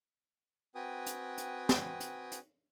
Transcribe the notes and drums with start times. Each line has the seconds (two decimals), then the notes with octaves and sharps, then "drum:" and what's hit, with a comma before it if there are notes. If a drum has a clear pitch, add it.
0.75 C4 F#4 B4 G5 G#5 D#6
1.06 drum: hi-hat
1.38 drum: hi-hat
1.69 drum: snare
2.00 drum: hi-hat
2.32 drum: hi-hat